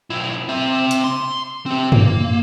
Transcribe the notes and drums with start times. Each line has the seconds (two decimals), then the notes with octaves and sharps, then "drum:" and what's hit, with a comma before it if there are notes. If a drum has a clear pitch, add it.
0.10 B1 E4
0.49 C4 E5
0.91 drum: hi-hat
1.04 C6
1.66 C4 G4
1.92 A#3, drum: tom